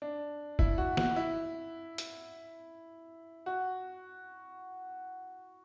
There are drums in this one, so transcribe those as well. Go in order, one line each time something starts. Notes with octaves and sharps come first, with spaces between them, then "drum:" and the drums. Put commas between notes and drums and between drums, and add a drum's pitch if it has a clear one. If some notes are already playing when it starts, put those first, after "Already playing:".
D4
E4, drum: kick F1
F#4
F#4, drum: snare
E4
drum: hi-hat
F#4